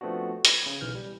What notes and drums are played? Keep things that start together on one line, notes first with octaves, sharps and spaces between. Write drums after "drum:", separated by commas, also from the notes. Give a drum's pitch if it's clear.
F3 A3 B3 C4 D4 F#4
B5 G#6 A#6 C7, drum: hi-hat
C#3
B1 E3 F6 G6
G3